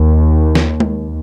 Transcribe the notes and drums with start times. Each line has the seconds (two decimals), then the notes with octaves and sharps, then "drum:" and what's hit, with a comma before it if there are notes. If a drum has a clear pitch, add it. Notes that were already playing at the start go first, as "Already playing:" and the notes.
Already playing: D#2
0.55 drum: snare
0.80 drum: tom G#3